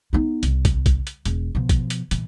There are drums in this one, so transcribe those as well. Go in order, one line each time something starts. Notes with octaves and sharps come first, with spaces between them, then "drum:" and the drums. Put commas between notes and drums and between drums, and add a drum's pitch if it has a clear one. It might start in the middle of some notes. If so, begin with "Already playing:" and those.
B3 D#4
C2, drum: hi-hat
drum: kick, hi-hat
drum: kick, hi-hat
drum: hi-hat
E1, drum: hi-hat
B2 F3
drum: kick, hi-hat
drum: hi-hat
A#2 E3, drum: hi-hat